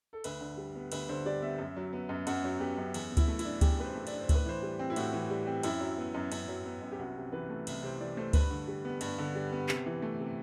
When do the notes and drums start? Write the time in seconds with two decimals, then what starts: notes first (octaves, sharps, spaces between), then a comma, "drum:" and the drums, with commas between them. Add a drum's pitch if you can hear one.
0.13 A4
0.24 D2 B4, drum: cymbal
0.41 D3
0.57 G3
0.75 B3
0.92 D2 B4, drum: cymbal
1.09 D3 C5
1.25 G3 D5
1.42 B3 E5
1.58 F#2
1.76 F#3
1.93 B3
2.09 F#2
2.27 F#2 F#5, drum: cymbal
2.44 F#3
2.60 B3 G4
2.77 F#2
2.94 E2, drum: cymbal
3.11 B2
3.17 E4, drum: kick D2, cymbal
3.28 A3
3.39 E4, drum: cymbal
3.45 D4
3.61 E2 G4, drum: kick D2, cymbal
3.79 B2 B4
3.84 C5
3.95 A3
4.07 D4 D5, drum: cymbal
4.20 C5
4.29 A2, drum: kick D2, cymbal
4.35 B4
4.46 E3 C5
4.62 G3
4.79 C4
4.90 E4
4.96 A2 F#4, drum: cymbal
5.13 E3
5.30 G3
5.47 C4
5.63 F#2 E4, drum: cymbal
5.81 F#3
5.98 B3
6.15 F#2
6.32 F#2, drum: cymbal
6.48 F#3
6.66 B3
6.82 F#2
6.92 G4
6.99 C2 F#4
7.16 C3
7.32 E3 B4
7.50 A3
7.67 C2, drum: cymbal
7.83 C3 C5
8.00 E3 D5
8.17 A3 C5
8.33 G2 B4, drum: kick D2, cymbal
8.51 D3
8.68 G3
8.85 B3
9.01 G2, drum: cymbal
9.18 D3
9.35 G3
9.52 B3
9.69 C3, drum: clap
9.86 E3
10.02 A3
10.20 C3